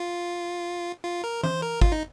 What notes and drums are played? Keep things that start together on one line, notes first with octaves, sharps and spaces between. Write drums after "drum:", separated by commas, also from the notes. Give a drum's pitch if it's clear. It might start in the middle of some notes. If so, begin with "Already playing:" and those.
Already playing: F4
F4
A#4
C5, drum: tom E3
A#4
F4, drum: kick
D#4